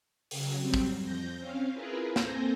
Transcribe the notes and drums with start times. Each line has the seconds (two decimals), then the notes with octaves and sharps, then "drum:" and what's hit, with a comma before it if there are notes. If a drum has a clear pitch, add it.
0.31 C#3 F#3, drum: open hi-hat
0.60 F#3 G3 C4
0.74 drum: kick
1.01 F2 G6 A#6
1.38 C4 C#4 F5
1.72 E4 F4 G#4 A#4 B4
2.16 A#3 C4 A4 G#5 G6 A#6, drum: snare